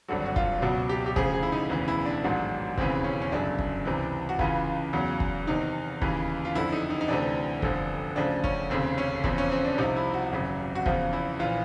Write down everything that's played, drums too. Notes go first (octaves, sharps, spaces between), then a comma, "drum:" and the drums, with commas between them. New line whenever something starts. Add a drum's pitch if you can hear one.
G#1 G2 D3 F#3 F#4
F#4
F4, drum: kick
C#2 B2 F#3 F#4
G4
G4
D2 C#3 F3 G#4, drum: kick
G#4
E4
D#4
E1 D2 C#3 E3
E4
D4
A1 G#2 D#3 F#3
E1 D#2 C#3 E3 C4, drum: kick
C#4
C#4
G1 F#2 C#3 D4
drum: kick
C#2 C3 E3
F#4
C#2 C#3 E3 F4, drum: kick
E2 C#3 F#3
drum: kick
E2 C3 D#3 D#4
D#2 C#3 E3, drum: kick
F4
F#1 F2 D3 E4
D#4
D#4
D#4
D2 C3 E3 D4
G1 F2 D3 F3, drum: kick
D2 C#3 F3 D4
C#4, drum: kick
F1 D#2 C#3 C4
C#4
E2 C#3 F3 C4, drum: kick
C#4
C4
D4
C2 C3 F3 D#4
E4
F#4
G#1 F#2 C#3
F#4
E2 C#3 F3 F4, drum: kick
E4
A#1 E3 F4